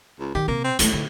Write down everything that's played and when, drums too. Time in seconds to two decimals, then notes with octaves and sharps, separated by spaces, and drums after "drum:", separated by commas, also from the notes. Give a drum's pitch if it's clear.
0.20 C#2
0.35 D#3 G4
0.48 C3 A#3
0.64 C4
0.79 D#2 A2 A3, drum: hi-hat
0.93 D3